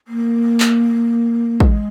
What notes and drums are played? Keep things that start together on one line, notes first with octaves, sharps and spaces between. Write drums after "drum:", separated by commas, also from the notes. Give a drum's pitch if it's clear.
A#3
drum: clap
G#3, drum: kick